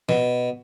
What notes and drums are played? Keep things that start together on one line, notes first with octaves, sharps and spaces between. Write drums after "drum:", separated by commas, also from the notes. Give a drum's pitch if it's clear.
B2, drum: snare